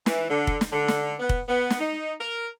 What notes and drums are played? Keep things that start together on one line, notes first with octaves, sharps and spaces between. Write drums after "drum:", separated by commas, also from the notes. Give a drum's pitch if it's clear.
E3, drum: snare
D3
drum: kick
drum: snare
D3
drum: snare
B3
drum: kick
B3
drum: snare
D#4
A#4